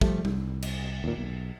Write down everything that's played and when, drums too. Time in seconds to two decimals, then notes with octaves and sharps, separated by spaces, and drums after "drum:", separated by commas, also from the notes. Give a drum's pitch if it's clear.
0.01 F3 G3 A3, drum: kick
0.25 C2, drum: tom G3
0.62 drum: cymbal
1.04 D#2 A#2
1.17 B1